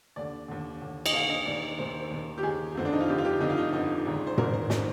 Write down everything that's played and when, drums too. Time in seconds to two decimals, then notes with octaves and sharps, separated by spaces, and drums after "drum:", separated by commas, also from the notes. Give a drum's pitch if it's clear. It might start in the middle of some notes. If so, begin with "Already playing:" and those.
0.16 D#2 D3 D5
0.48 D#2 D3
0.81 D#2 D3
1.06 D#5, drum: cymbal
1.13 D#2 D3 F5
1.29 D#5
1.45 D#2 D#3 D5
1.78 D#2 D#3 C5
2.11 D#2 D#3
2.38 G4
2.43 D#2 D#3 G#4
2.75 G1 F2 D3 C4
2.85 D4
2.93 D#4
3.00 F4
3.08 G1 F2 D3 G4
3.18 F4
3.25 G4
3.40 G1 F2 D3 D#4
3.50 F4
3.57 D#4
3.72 G1 F2 D3 D#4
4.06 G#1 G#2 D#3
4.27 C5
4.38 G#1 G#2 D#3 A#4, drum: tom
4.54 C5
4.70 D#3 C5, drum: snare